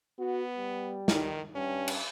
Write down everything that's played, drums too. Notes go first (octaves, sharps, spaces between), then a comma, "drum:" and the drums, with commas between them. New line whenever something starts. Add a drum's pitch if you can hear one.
B3 F#4
G3
D#3, drum: snare
G2 C#4
drum: cymbal